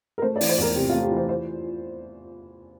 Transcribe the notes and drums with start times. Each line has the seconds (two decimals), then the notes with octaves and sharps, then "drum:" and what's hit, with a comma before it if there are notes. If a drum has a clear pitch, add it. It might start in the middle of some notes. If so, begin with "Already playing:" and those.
0.18 A#4
0.22 A3 C5
0.36 D5
0.41 E3, drum: open hi-hat
0.49 C5
0.58 E2 A#4
0.75 C3 G4
0.90 F4
0.94 A3
1.03 G4
1.11 E3
1.17 C5
1.29 C5